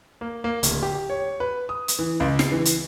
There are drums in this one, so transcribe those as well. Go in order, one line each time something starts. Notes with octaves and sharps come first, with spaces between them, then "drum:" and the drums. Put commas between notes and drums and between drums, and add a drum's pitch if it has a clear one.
A#3
A#3
D1, drum: hi-hat
G4
C#5
B4
D#6
drum: hi-hat
E3
C#2
C7, drum: snare
E3
drum: hi-hat